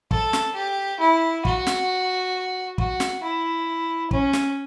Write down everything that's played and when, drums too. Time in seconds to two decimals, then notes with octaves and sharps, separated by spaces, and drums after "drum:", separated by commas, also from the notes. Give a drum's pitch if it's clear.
0.11 A4, drum: kick
0.33 drum: snare
0.55 G4
1.00 E4
1.45 F#4, drum: kick
1.67 drum: snare
2.78 F#4, drum: kick
3.00 drum: snare
3.23 E4
4.11 C#4, drum: kick
4.33 drum: snare